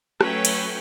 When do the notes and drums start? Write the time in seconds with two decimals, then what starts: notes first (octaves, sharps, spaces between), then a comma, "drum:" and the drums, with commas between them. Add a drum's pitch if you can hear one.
0.21 F#3 A3 C#4 B4 C#5 G5, drum: rim click
0.45 drum: cymbal